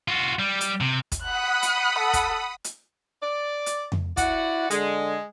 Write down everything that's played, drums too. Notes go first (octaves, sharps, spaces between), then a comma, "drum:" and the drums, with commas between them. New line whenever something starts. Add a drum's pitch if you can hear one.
F4 F#4
G3
drum: hi-hat
C3
drum: kick, hi-hat
F#5 B5 D#6 F#6
drum: hi-hat
A4
drum: kick, hi-hat
drum: hi-hat
D5
drum: hi-hat
drum: tom F2
E4 F#4 D5 F#5, drum: kick, hi-hat
D3 G#3, drum: hi-hat